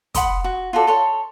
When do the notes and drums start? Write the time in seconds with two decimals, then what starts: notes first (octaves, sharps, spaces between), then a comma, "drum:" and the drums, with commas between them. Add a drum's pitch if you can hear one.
0.15 F#5 B5 C6 D#6, drum: kick, hi-hat
0.44 F#4
0.73 F4 F#4 A4 D5
0.87 A4 C#5 C6